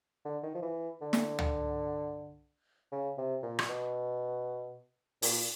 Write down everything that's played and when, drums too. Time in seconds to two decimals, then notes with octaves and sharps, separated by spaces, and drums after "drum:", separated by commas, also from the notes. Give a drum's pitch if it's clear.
0.25 D3
0.43 D#3
0.55 F3
0.62 E3
1.01 D3
1.13 drum: snare
1.39 drum: tom C#2
2.92 C#3
3.18 C3
3.43 A#2
3.59 drum: rim click
3.69 B2
5.22 A#2, drum: open hi-hat